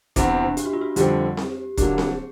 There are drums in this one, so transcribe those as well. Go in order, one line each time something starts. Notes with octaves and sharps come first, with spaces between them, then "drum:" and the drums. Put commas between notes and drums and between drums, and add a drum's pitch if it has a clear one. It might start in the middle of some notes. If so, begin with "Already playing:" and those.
E2 C3 E3 D4, drum: kick, hi-hat
D4
G4, drum: hi-hat
F#4
F4
F#4
F2 D3 G3 C4 G4, drum: hi-hat
drum: snare C4
D3 F#3 A#3 D4 G4, drum: kick, hi-hat
G#4, drum: snare C4